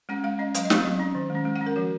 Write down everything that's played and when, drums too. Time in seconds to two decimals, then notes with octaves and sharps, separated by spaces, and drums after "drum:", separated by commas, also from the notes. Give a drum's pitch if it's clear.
0.09 G#3 C#4 F#5
0.24 G#3 F5
0.39 C#4 D#5
0.55 F#3 F5, drum: hi-hat
0.65 D#5
0.70 C4 D#4 F5, drum: snare
0.84 F#3
1.00 C#4
1.15 D#3
1.30 G#3
1.35 C#4
1.45 G#3
1.56 F#5
1.61 C#4
1.66 A#4
1.76 F3 F#4